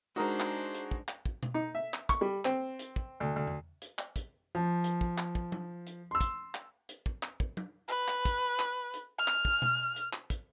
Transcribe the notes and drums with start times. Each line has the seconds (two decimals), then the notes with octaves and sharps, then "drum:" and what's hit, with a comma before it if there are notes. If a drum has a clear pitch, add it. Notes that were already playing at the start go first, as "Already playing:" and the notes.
0.16 G#3 D4 D#4 F#4 A#4 C5
0.40 drum: clap
0.74 drum: hi-hat
0.91 drum: kick
1.08 drum: clap
1.26 drum: kick
1.43 drum: tom B2
1.54 D#4
1.75 E5
1.94 drum: clap
2.09 C#6, drum: kick, hi-hat
2.21 G3
2.45 C4, drum: clap
2.79 drum: hi-hat
2.96 drum: kick
3.20 D2
3.36 D2
3.47 drum: tom
3.82 drum: hi-hat
3.99 drum: clap
4.16 drum: kick, hi-hat
4.55 F3
4.84 drum: hi-hat
5.01 drum: kick
5.18 drum: clap
5.35 drum: kick
5.52 drum: tom
5.86 drum: hi-hat
6.11 C6 E6
6.21 drum: kick, hi-hat
6.55 drum: clap
6.89 drum: hi-hat
7.06 drum: kick
7.23 drum: clap
7.40 drum: kick
7.57 drum: tom
7.88 B4, drum: hi-hat
8.08 drum: clap
8.25 drum: kick, hi-hat
8.59 drum: clap
8.94 drum: hi-hat
9.19 F6
9.28 drum: clap
9.45 drum: kick
9.62 drum: tom B2
9.96 drum: hi-hat
10.13 drum: clap
10.30 drum: kick, hi-hat